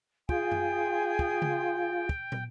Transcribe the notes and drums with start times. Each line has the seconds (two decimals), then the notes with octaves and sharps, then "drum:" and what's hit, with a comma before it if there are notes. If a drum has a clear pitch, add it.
0.29 F4 G#4 G5 G#5 D#6, drum: kick
0.52 drum: tom F#2
1.19 drum: kick
1.42 drum: tom C#3
2.09 drum: kick
2.32 drum: tom